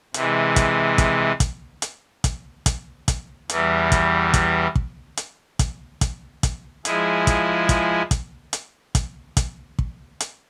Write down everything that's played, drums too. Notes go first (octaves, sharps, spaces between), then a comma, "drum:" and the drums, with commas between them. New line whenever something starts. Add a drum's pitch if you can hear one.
C3 E3 G#3, drum: hi-hat
drum: kick, hi-hat
drum: kick, hi-hat
drum: kick, hi-hat
drum: hi-hat
drum: kick, hi-hat
drum: kick, hi-hat
drum: kick, hi-hat
E2 E3 G3, drum: hi-hat
drum: kick, hi-hat
drum: kick, hi-hat
drum: kick
drum: hi-hat
drum: kick, hi-hat
drum: kick, hi-hat
drum: kick, hi-hat
F3 G#3 E4 G#4, drum: hi-hat
drum: kick, hi-hat
drum: kick, hi-hat
drum: kick, hi-hat
drum: hi-hat
drum: kick, hi-hat
drum: kick, hi-hat
drum: kick
drum: hi-hat